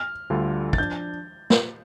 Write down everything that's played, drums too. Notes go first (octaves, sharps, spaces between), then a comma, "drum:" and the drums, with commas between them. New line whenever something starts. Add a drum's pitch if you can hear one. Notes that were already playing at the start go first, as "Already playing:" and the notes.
Already playing: F6
D2 D3 G3 F4 A4
A6, drum: kick
F3 D4 G6
drum: snare